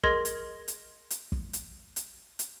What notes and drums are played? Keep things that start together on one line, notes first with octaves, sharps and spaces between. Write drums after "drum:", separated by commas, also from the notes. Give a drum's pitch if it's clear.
G#4 A#4 D#5 C6 G#6 A#6, drum: kick
drum: hi-hat
drum: hi-hat
drum: hi-hat
drum: kick
drum: hi-hat
drum: hi-hat
drum: hi-hat